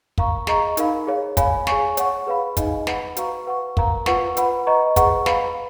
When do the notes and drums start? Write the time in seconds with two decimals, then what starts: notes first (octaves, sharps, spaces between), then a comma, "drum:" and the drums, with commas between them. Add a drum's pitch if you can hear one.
0.18 A#4 F5 A#5 C#6, drum: kick
0.47 G#4 D#5 A#5 C#6, drum: snare
0.77 D#4 A#4 F5 B5, drum: hi-hat
1.07 G#4 C#5 F5
1.37 C#5 F5 G#5 B5, drum: kick, hi-hat
1.67 G#4 C#5 G#5 C#6, drum: snare
1.97 C#5 F#5 C#6, drum: hi-hat
2.27 G#4 B4 F5 B5
2.57 D#4 G#4 D#5 G#5, drum: kick, hi-hat
2.87 B4 F#5 B5, drum: snare
3.17 F#4 B4 F5 A#5 C#6, drum: hi-hat
3.47 B4 F#5 C#6
3.77 A#4 F5 A#5, drum: kick
4.06 F4 B4 F#5 C#6, drum: snare
4.37 B4 F#5 B5, drum: hi-hat
4.67 B4 D#5 A#5 C#6
4.96 G#4 B4 F#5 A#5 C#6, drum: kick, hi-hat
5.26 B4 F5 B5, drum: snare